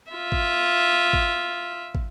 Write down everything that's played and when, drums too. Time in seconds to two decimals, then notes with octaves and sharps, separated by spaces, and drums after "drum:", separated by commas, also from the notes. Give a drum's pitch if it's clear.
0.12 F4 E5
0.32 drum: kick
1.13 drum: kick
1.95 drum: kick